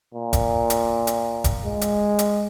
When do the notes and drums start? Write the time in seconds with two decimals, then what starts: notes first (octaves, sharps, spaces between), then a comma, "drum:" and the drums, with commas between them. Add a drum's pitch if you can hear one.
0.14 A#2
0.33 drum: kick E1, hi-hat
0.70 drum: hi-hat
1.07 drum: hi-hat
1.44 drum: kick E1, hi-hat
1.65 G#3
1.81 drum: hi-hat
2.19 drum: hi-hat